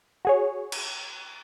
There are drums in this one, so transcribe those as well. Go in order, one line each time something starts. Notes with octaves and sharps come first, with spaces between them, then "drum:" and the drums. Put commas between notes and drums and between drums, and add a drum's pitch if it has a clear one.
F#4 G#4 C#5
drum: cymbal